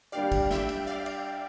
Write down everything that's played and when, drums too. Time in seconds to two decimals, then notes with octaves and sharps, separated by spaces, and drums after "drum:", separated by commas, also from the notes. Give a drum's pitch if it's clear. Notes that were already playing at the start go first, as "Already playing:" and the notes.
0.12 G3 D4 G4 D5 F5
0.32 drum: kick, cymbal
0.51 E5 G5, drum: snare
0.69 drum: cymbal
0.87 D5 F5
1.06 drum: cymbal